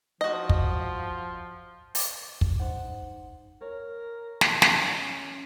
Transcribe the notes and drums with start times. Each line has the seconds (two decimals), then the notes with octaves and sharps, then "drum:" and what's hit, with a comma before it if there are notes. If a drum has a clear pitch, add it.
0.21 F3 F#4 D#5
0.49 drum: kick
1.95 drum: open hi-hat
2.41 drum: kick
2.59 D#4 C5 F#5
3.61 A#4 C#5
4.41 drum: snare
4.62 C#4, drum: snare